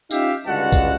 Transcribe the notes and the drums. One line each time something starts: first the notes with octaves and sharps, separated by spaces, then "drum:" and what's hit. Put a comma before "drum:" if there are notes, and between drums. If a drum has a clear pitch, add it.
C#4 D#4 F4 G4 E5 F5, drum: tambourine
C#2 G2 D3 F#4 F#5 A5
drum: kick, tambourine